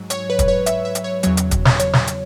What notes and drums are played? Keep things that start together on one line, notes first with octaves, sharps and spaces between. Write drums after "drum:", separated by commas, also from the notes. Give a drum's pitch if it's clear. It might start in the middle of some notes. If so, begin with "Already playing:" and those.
Already playing: G#2 F#3
C#5, drum: hi-hat
B4
drum: kick, hi-hat
C#5
E5, drum: hi-hat
E5
drum: hi-hat
C#5
E2 C#3 F#3 C#5, drum: hi-hat
drum: hi-hat
drum: kick, hi-hat
drum: snare
C#5, drum: hi-hat
drum: snare
drum: hi-hat